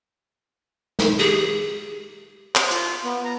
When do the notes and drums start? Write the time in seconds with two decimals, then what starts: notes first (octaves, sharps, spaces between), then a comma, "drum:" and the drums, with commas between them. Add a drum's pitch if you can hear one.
0.99 D#4, drum: snare
1.19 G4 G#4
2.55 C5, drum: clap
2.71 F4, drum: hi-hat
3.05 B3
3.24 A#5